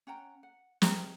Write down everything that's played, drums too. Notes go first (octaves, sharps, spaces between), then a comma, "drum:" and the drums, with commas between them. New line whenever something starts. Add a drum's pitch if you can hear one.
C#4 F#5 G5 A#5
F#5
G#4 D#5 G5 A#5, drum: snare